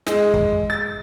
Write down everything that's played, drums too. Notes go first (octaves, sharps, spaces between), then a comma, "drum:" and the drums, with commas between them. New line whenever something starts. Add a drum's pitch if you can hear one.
G#3, drum: snare
drum: kick
A6